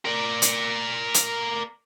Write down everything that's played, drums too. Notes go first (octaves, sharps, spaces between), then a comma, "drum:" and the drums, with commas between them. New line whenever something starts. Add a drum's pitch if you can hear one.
A#4 D5
drum: hi-hat
drum: hi-hat